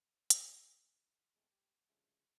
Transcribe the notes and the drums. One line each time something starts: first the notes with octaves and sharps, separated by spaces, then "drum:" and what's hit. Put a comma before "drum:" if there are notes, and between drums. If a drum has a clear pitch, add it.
drum: hi-hat
E2 G#3 A3 C4
G4
G2 C#3 F3 G#3 A3